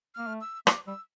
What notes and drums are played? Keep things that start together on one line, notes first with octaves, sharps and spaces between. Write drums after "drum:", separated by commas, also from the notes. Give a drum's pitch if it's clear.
A#3 F6
A3
E6
A#3 D6, drum: rim click
G3 E6